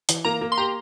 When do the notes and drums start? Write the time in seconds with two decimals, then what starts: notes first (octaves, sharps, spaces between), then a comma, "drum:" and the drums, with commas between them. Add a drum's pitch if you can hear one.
0.09 E3, drum: hi-hat
0.25 A#3 A#5
0.41 A#3
0.52 C6
0.58 G4 A#5